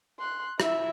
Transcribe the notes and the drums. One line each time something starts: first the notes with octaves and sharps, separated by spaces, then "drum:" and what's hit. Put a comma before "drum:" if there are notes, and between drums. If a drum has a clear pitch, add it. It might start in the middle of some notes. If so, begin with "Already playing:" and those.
C6 F#6
E4 E5, drum: rim click